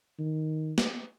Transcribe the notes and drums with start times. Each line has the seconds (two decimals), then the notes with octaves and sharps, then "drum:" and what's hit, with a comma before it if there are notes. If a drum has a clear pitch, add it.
0.19 D#3
0.78 drum: snare